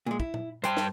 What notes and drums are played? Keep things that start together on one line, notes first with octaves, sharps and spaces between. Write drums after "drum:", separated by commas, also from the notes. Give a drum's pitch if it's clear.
A#2 G#3
E4, drum: kick
drum: tom A#2
G2 C5 G5 A5, drum: hi-hat
drum: snare